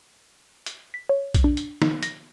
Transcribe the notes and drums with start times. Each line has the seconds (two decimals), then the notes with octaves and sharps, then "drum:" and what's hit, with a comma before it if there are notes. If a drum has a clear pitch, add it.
0.66 drum: hi-hat
0.94 B6
1.09 C#5
1.34 drum: kick A#1, hi-hat
1.44 D4
1.57 drum: hi-hat
1.82 D#4, drum: snare
2.03 A#6, drum: hi-hat